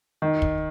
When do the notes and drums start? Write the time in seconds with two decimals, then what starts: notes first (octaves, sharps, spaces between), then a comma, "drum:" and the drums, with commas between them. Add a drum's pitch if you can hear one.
0.22 D#3
0.42 drum: kick